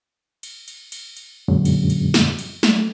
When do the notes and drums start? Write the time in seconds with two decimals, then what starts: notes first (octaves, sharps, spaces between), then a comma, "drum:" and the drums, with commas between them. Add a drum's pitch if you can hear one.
0.43 drum: cymbal
0.68 drum: cymbal
0.92 drum: cymbal
1.16 drum: cymbal
1.48 F#2 A#2 D3 F#3 G#3 C#4
1.65 drum: cymbal
1.90 drum: cymbal
2.14 drum: snare
2.39 drum: cymbal
2.63 A3, drum: snare